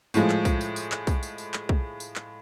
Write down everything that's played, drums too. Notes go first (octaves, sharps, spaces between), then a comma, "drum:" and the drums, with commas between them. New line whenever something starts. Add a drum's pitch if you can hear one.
A2 F3 G#3, drum: tambourine
drum: clap
drum: kick, tambourine
drum: tambourine
drum: tambourine
drum: clap
drum: kick, tambourine
drum: tambourine
drum: tambourine
drum: clap
drum: kick
drum: tambourine
drum: clap